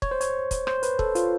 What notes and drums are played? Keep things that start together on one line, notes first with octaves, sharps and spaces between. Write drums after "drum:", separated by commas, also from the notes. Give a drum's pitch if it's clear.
C#5, drum: kick
C5
C#5, drum: hi-hat
drum: kick, hi-hat
C5, drum: rim click
B4, drum: hi-hat
A4, drum: kick
F4, drum: hi-hat